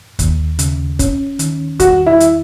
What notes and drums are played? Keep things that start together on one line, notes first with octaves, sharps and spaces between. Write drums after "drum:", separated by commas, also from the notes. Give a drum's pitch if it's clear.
D#2, drum: kick F1, hi-hat
C#3, drum: hi-hat
C#4, drum: kick F1, hi-hat
D#3, drum: hi-hat
E2 F#4, drum: kick F1, hi-hat
E4
drum: hi-hat